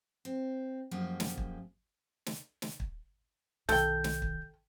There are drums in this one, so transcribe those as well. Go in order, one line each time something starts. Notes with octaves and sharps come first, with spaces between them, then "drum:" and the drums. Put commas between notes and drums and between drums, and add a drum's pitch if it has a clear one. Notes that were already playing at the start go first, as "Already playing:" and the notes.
C4
F#2 F3 G#3 A#3 G4
drum: snare
drum: kick
drum: snare
drum: snare
drum: kick
B1 D#3 A4 G5 G6, drum: snare
drum: snare
drum: kick